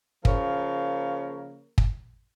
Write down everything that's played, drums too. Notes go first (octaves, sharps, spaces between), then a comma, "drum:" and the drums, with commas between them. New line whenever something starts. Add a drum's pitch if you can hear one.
C#3 F3 A#3 A#4 C#5, drum: kick
drum: kick